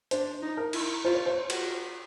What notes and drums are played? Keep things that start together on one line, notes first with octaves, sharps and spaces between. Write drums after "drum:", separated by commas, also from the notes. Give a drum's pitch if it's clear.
D4 C5, drum: hi-hat
D#4
A#4
E4, drum: cymbal
F4 C5
C#5
C5
F#4, drum: cymbal